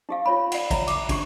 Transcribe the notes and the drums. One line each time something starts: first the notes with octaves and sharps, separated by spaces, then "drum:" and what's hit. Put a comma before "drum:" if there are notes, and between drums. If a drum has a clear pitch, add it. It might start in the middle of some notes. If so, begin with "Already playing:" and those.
D#4 G4 F5
F4 C#5 B5
D5 F#5, drum: cymbal
C#5 E5 A#5, drum: kick, cymbal
D6, drum: cymbal
D4 G4 C#6, drum: kick, cymbal